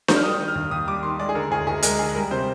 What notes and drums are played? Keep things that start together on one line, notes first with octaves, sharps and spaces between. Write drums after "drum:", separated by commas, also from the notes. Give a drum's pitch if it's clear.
G6, drum: snare D4
F6
G3 D#6
D#3
F6
D#2
D#2 D#6
G3 D6
D#3 C6
G#3 D5
G#4
D3 A#4
D2 G#4
D2 G#4
G#3 A#4, drum: hi-hat
D3 G#4
G3 A#4
C3 C5